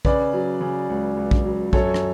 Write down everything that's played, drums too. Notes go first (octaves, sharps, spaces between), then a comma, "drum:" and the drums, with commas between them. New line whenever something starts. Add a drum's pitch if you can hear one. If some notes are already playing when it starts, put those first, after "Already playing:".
C#3 B4 D5, drum: kick
F#3
C#3
C#2
C#2
drum: kick
F#3
F#2 A4 C#5, drum: kick
drum: rim click